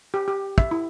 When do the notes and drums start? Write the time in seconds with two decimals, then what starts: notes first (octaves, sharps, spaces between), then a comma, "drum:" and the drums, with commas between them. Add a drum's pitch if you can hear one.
0.14 G4
0.28 G4
0.58 E5, drum: kick
0.71 E4